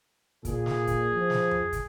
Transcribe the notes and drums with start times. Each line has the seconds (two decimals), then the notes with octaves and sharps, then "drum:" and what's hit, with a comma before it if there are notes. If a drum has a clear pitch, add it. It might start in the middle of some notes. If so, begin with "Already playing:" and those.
0.45 A#2 G#4, drum: kick, hi-hat
0.66 drum: snare
0.87 drum: kick, hi-hat
1.14 F3
1.30 drum: snare
1.51 drum: tom F2
1.73 drum: kick, hi-hat